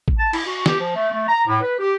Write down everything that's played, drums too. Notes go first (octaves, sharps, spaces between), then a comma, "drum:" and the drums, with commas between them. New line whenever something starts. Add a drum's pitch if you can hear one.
drum: kick A1
A5
E4, drum: cymbal
F#4
G4, drum: snare
F3
A3
A3
A#5
A2
B4
G4